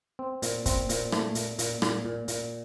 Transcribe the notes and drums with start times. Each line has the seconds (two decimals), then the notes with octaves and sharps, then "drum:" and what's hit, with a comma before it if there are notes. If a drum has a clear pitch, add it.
0.19 C4
0.42 A#2, drum: hi-hat
0.66 C4, drum: kick, hi-hat
0.89 A#2, drum: hi-hat
1.12 A3, drum: rim click
1.35 A#2, drum: hi-hat
1.59 A#2, drum: hi-hat
1.82 A#2, drum: rim click
2.05 A#2
2.28 A#2, drum: hi-hat